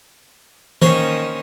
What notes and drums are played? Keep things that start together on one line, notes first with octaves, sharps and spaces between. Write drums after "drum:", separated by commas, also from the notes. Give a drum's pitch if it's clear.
D#3 A#3 C#4 C5 C#5 A#5, drum: tom E3